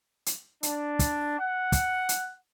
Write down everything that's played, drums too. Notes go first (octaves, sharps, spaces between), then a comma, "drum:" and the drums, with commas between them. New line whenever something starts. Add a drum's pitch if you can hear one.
drum: hi-hat
D4, drum: hi-hat
drum: kick, hi-hat
F#5
drum: kick, hi-hat
drum: hi-hat